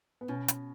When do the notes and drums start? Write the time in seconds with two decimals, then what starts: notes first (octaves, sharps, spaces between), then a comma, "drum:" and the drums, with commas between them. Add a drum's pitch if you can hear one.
0.21 B3
0.28 B2 C#4
0.48 drum: hi-hat